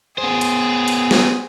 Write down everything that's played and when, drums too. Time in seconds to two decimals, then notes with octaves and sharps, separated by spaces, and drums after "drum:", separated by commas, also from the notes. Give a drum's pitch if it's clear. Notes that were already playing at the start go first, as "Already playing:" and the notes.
0.18 B3 G#4 C5
0.41 drum: hi-hat
0.88 drum: hi-hat
1.11 drum: snare